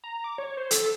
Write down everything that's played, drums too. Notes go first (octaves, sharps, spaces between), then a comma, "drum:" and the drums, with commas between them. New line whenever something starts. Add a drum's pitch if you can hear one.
A#5
D6
C#5
C5
A4, drum: hi-hat